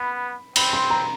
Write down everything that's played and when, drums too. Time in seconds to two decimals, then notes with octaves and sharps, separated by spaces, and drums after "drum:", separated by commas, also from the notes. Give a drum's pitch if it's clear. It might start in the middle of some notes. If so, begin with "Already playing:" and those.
Already playing: B3 B5
0.56 C4 B5, drum: cymbal
0.73 C6
0.90 A#5